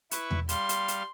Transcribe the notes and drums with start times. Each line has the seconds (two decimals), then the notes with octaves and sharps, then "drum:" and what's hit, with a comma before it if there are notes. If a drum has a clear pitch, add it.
0.11 E4 B4 C#6, drum: hi-hat
0.31 drum: tom E2
0.49 G3 F5 C6, drum: hi-hat
0.69 drum: hi-hat
0.88 drum: hi-hat